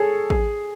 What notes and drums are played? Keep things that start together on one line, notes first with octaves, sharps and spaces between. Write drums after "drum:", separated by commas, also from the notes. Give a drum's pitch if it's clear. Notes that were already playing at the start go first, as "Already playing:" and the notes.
Already playing: G#4 A4 C#5
G#4, drum: kick A1